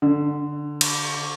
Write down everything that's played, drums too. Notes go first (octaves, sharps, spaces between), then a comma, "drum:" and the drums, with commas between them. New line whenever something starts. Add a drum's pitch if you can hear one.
D3
drum: cymbal